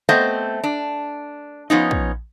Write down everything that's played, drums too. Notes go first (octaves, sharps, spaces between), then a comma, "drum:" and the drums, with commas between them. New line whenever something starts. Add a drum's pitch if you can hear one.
A3 B3 C4 C5 D#5
D4
F3 B3 C#4 D#4
drum: kick